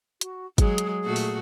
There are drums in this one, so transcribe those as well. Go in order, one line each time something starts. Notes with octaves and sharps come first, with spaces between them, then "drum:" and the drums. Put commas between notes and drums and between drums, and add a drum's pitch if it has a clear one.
F#4, drum: hi-hat
F#3 G#3 G#4, drum: kick G1, hi-hat
drum: hi-hat
A#2 A3 F#4
drum: open hi-hat